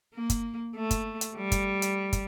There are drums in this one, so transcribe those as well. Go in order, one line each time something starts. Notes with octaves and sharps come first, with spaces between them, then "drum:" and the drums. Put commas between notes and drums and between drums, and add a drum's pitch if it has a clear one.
A#3
drum: kick, hi-hat
A3
drum: kick, hi-hat
drum: hi-hat
G3
drum: kick, hi-hat
drum: hi-hat
drum: kick, hi-hat